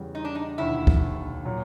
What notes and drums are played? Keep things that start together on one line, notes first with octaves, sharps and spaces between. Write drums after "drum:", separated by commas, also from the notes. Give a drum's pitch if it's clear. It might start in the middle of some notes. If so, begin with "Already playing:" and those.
Already playing: E2 C#3 E3 G3
D#4
D4
D#4
E1 D#2 D3 E4
drum: kick
A#2 F#3